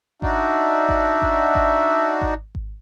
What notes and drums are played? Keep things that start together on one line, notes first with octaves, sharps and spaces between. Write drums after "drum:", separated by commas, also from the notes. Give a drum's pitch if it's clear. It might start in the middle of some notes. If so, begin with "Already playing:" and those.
D4 D#4 F#4 E5, drum: kick G#1
drum: kick G#1
drum: kick G#1
drum: kick G#1
drum: kick G#1
drum: kick G#1